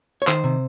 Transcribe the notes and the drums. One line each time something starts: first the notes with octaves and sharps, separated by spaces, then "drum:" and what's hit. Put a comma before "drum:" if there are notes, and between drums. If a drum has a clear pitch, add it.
C#5
D#3 C5, drum: clap
C3